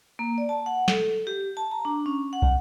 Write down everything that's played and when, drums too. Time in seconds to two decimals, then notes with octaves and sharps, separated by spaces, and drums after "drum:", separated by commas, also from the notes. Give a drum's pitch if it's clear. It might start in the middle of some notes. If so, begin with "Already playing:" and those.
0.19 A#3
0.38 D5
0.49 A5
0.66 F#5
0.88 A4, drum: snare
1.27 G4
1.57 A5
1.71 A#5
1.85 D4
2.06 C#4
2.33 F#5
2.42 drum: kick